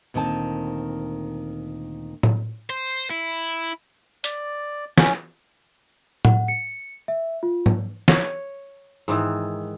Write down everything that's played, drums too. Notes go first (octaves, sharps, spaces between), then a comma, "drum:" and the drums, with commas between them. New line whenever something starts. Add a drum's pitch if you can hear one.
D2 A#2 D#3 C4 A5
drum: tom A2
C5
E4
D5, drum: hi-hat
C#4, drum: snare
F#5, drum: tom A2
C#7
E5
F4
drum: tom G#2
C#5, drum: snare
G#2 D#3 E3